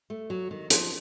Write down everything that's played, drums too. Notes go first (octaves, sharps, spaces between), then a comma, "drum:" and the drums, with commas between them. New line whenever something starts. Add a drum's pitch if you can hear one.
A3
F#3
D#3
F3, drum: hi-hat